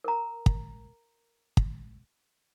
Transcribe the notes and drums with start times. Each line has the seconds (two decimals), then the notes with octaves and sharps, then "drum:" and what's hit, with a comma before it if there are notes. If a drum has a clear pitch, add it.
0.04 A#4 A#5
0.46 drum: kick
1.57 drum: kick